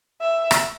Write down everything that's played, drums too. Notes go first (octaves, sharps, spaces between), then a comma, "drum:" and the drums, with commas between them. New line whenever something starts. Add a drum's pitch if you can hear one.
E5
drum: rim click